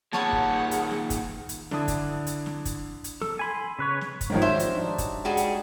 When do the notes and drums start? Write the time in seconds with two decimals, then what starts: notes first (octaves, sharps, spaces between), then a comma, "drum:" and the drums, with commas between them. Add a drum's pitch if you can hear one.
0.13 A#2 D#3 G#4 B4 C#5 F#5 A5, drum: snare
0.32 drum: kick
0.71 drum: hi-hat
0.91 drum: snare
1.10 drum: kick, hi-hat
1.49 drum: hi-hat
1.71 D3 D4 E4 D5 A5 D#6, drum: snare
1.88 drum: kick, hi-hat
2.27 drum: hi-hat
2.46 drum: snare
2.65 drum: kick, hi-hat
3.04 drum: hi-hat
3.21 A4, drum: snare
3.39 G#5 B5 C6
3.79 C#3 B4 C#5
4.01 drum: snare
4.21 drum: kick, hi-hat
4.30 G#2 D#3 F3 G3 C#4 C#5
4.42 F#4 C5 E5
4.59 drum: hi-hat
4.73 D4 D#4
4.98 drum: kick, hi-hat
5.25 G3 G#3 F#4 G#4
5.37 drum: hi-hat